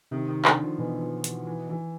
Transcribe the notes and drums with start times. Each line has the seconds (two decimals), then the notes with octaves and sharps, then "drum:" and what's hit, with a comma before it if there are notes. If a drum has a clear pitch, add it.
0.11 C3 D#3
0.28 D#3
0.45 D3, drum: clap
0.62 F3
0.78 B2 E3
1.01 F3
1.24 E3, drum: hi-hat
1.47 E3
1.69 E3